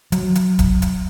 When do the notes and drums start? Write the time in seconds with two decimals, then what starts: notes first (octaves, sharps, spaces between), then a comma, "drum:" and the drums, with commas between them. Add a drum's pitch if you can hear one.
0.12 F#3, drum: hi-hat
0.35 drum: hi-hat
0.59 drum: kick, hi-hat
0.82 drum: hi-hat